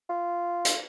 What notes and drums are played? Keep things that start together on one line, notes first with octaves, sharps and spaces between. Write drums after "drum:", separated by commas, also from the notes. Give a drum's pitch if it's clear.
F4
drum: hi-hat